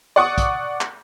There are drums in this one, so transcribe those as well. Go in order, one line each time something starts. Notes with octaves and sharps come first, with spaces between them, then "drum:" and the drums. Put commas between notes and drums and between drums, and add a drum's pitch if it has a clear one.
D5 F#5 C#6 D#6
drum: kick, hi-hat
drum: clap